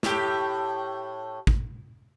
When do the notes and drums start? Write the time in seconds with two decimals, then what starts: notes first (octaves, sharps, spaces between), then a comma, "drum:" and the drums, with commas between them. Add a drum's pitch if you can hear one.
0.03 A2 G4, drum: snare
1.47 drum: kick